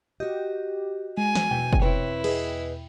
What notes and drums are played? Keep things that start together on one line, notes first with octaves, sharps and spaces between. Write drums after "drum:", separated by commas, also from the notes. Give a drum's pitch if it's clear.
F#4 G4 D#5
G#3 G#5
drum: snare
E2 B2 G5
drum: kick
C4 E4 B4 C#5
G#4 B4 D#5, drum: cymbal